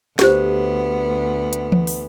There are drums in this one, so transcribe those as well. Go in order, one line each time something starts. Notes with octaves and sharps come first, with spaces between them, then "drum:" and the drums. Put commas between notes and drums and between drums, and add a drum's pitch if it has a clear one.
D2 B3 G4 C5, drum: snare
drum: hi-hat
drum: tom E3
drum: open hi-hat